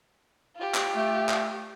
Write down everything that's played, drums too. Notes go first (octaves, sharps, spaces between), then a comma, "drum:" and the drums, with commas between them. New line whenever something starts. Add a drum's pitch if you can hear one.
F4 G4
drum: clap
A3
drum: clap